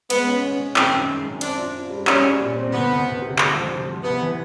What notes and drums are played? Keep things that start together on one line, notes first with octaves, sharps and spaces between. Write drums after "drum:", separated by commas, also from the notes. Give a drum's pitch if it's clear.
G#3 B3, drum: cymbal
C#4
C#4
C#4
D#3 C4, drum: clap
F#2
G#3
F#2
C4 D4, drum: cymbal
F4
F4
G3
G3 C#4, drum: clap
G3
A#2
C4
D2 B3
D2
D2
C3
D2, drum: clap
F3
C3
F3
C2 B3
E3